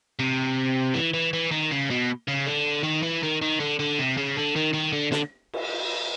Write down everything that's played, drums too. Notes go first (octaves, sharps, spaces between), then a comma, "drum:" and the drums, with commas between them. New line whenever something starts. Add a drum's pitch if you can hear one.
C3
E3
E3
E3
D#3
C#3
B2
C#3
D3
D#3
E3
D#3
D#3
D3
D3
C3
C#3
D3
D#3
D#3
D3
D3, drum: snare
drum: cymbal